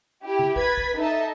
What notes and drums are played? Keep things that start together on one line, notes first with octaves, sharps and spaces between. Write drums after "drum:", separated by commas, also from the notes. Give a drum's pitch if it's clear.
E4 G4
drum: tom C#3
B4 G#6 A6 B6, drum: kick
drum: kick
D#4 A4 D#5 E5 A5